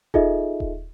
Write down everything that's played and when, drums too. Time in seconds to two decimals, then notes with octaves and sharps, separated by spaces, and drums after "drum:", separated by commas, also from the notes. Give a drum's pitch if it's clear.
0.14 D#4 F4 G#4 A4 D#5 E5, drum: kick D#1
0.60 drum: kick D#1